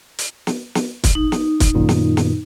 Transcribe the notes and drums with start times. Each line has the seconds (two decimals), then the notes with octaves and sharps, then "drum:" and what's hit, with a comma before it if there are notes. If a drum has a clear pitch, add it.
0.19 drum: hi-hat
0.47 drum: snare
0.75 drum: snare
1.04 drum: kick, hi-hat
1.15 D#4
1.32 drum: snare
1.60 drum: kick, hi-hat
1.74 F#2 A#2 D#3
1.89 drum: snare
2.17 drum: snare